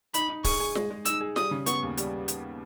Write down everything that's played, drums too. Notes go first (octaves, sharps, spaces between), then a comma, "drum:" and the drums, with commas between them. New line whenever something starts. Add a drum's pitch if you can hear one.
D#4 B5, drum: hi-hat
D#4
G#4 C#6, drum: kick C#1, open hi-hat
G#4
G#3, drum: snare
G#3
D#4 E6, drum: hi-hat
G#4
G3 D#6, drum: snare
C#3
B3 C#6, drum: hi-hat
D#2
G3, drum: hi-hat
drum: hi-hat